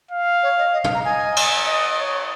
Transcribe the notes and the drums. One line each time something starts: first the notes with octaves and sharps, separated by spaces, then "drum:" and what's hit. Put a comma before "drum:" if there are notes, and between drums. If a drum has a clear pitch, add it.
F5
C#5
D#5
D#5
F5, drum: tom
A#5
D#5 G#5
drum: cymbal
D#5
C#5